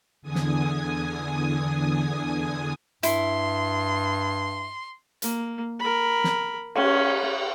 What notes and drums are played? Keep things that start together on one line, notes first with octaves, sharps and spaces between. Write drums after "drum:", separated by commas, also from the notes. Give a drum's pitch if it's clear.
E2 D3 G#5 D#6
drum: snare
G2 E4 C6, drum: hi-hat
A#3, drum: hi-hat
A#4 B5
drum: snare
C#4, drum: cymbal